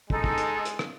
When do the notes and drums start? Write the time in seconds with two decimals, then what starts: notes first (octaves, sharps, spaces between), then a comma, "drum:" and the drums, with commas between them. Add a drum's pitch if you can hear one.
0.10 G#3 D#4 A4, drum: kick
0.24 drum: kick
0.38 drum: hi-hat
0.65 drum: hi-hat
0.79 drum: rim click